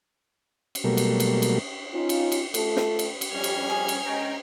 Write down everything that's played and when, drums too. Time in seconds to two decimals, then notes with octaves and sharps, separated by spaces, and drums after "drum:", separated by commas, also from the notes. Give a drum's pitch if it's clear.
0.75 drum: cymbal
0.84 B2 F#3 G3 A3 A#3
0.97 drum: cymbal
1.20 drum: cymbal
1.42 drum: cymbal
1.94 C#4 D#4 F4
2.09 drum: cymbal
2.32 drum: cymbal
2.54 A3 F4 A4, drum: cymbal
2.76 drum: snare
2.99 drum: cymbal
3.21 drum: cymbal
3.32 F2 G3 C#4 G4 F6 G#6
3.44 drum: cymbal
3.70 G#4
3.88 drum: cymbal
4.05 G#3 C#4 G5 A#5